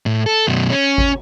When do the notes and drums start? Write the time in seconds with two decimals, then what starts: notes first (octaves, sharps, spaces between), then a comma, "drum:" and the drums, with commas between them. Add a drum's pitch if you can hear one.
0.06 A2
0.26 A4
0.48 F#2 B2
0.70 C#4
0.98 drum: kick G#1